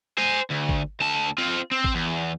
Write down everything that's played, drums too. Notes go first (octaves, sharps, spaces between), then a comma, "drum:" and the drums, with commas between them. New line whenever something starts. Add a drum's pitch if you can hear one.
C5 G#5
D2
drum: kick
D2 A5
C4 F4
C4
drum: kick
E2